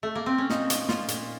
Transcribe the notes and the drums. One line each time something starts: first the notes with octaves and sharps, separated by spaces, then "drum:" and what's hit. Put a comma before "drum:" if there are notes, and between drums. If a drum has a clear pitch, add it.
A3
A#3
C4
C#4
A#2 D#4, drum: snare
F3, drum: hi-hat
A#2 F4, drum: snare
A#2, drum: hi-hat